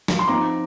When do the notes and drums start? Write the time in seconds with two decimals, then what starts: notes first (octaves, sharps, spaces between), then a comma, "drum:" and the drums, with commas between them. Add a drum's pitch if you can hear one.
0.08 drum: snare
0.19 C6
0.28 F3 C4 D#4 A#5 D6